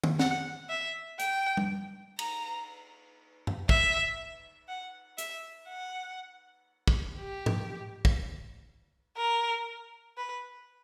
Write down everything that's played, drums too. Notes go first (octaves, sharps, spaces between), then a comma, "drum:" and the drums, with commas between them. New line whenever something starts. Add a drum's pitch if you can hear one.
drum: tom
F#5, drum: snare
E5
G5, drum: hi-hat
drum: tom
A#5, drum: cymbal
drum: tom F#2
E5, drum: kick
F#5
E5, drum: hi-hat
F#5
drum: kick
G4
drum: tom G#2
drum: kick
A#4
B4